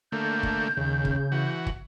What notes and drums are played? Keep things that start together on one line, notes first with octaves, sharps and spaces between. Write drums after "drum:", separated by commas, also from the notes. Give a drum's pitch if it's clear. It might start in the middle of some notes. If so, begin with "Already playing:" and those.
D3 A3 A#3 G6
drum: kick
D#2 C#3
drum: kick
E3 F#4
drum: kick